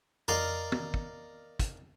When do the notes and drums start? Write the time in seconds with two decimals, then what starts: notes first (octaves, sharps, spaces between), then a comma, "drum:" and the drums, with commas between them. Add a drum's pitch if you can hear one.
0.28 A#4 D5 D#5 F5, drum: tom F2
0.72 drum: tom
0.94 drum: kick
1.59 drum: kick, hi-hat